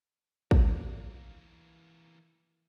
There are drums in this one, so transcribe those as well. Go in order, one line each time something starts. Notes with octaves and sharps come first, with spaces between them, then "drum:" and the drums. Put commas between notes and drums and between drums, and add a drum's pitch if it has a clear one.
E3 A#3, drum: kick